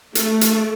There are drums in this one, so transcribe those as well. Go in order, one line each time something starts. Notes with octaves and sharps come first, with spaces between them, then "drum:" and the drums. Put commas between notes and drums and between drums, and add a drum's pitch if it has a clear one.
A3, drum: hi-hat
drum: hi-hat